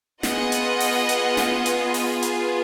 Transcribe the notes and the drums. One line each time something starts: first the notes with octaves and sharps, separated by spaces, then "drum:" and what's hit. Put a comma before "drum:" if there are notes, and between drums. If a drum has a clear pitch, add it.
B3 F4 G#4 D#5 F#5, drum: snare
drum: hi-hat
drum: open hi-hat
drum: hi-hat
drum: snare
drum: hi-hat
drum: open hi-hat
drum: hi-hat